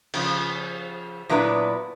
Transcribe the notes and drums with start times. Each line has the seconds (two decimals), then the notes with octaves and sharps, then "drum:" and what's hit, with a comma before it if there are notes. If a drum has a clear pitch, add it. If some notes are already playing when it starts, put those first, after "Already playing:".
0.14 C#3 F3, drum: cymbal
1.29 A#2 F#3 B3 D4 E4 B4